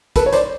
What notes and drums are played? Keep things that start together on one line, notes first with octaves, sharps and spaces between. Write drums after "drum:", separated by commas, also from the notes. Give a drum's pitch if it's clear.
A4 B4, drum: kick, hi-hat
C#5
C5 D5, drum: hi-hat